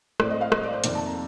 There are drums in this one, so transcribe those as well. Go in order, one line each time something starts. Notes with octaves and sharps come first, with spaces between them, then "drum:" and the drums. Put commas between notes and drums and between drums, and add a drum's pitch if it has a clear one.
A2 A3 C4 D5, drum: rim click
D#5
F5
D#5, drum: rim click
D5
C5
F2 C3 D#3 A#3 D5, drum: hi-hat
A5
A#5